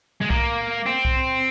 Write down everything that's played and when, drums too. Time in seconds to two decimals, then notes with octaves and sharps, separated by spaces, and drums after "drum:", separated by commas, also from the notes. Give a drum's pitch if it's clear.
0.21 G#3
0.30 A#3, drum: kick B1
0.86 C4
1.05 drum: kick B1